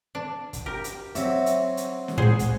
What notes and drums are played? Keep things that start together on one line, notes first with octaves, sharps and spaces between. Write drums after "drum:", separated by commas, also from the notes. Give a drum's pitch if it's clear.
D4
drum: kick, hi-hat
G4 A#4
drum: hi-hat
F#3 C4 F#4 E5, drum: hi-hat
drum: hi-hat
drum: hi-hat
drum: snare
A#2 G#3 G#4 C5 F#5
drum: kick, hi-hat